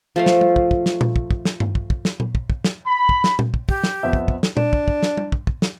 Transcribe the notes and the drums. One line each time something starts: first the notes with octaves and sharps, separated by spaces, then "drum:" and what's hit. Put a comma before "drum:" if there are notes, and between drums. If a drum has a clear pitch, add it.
F3 A3 F5
drum: snare
drum: tom G3
drum: kick
drum: kick
drum: snare
drum: tom A#2
drum: kick
drum: kick
drum: snare
drum: tom G2
drum: kick
drum: kick
drum: snare
drum: tom A#2
drum: kick
drum: kick
drum: snare
B5
drum: kick
drum: snare
drum: tom A#2
drum: kick
G4, drum: kick
drum: snare
F2 B3 E5
drum: kick
drum: kick
drum: snare
D4, drum: tom A#2
drum: kick
drum: kick
drum: snare
drum: tom G3
drum: kick
drum: kick
drum: snare